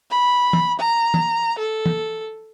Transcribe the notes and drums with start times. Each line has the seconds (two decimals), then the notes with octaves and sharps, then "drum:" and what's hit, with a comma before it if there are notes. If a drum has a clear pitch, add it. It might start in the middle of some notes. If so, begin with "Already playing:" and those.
0.10 B5
0.53 drum: tom
0.79 A#5
1.14 drum: tom
1.59 A4
1.86 drum: tom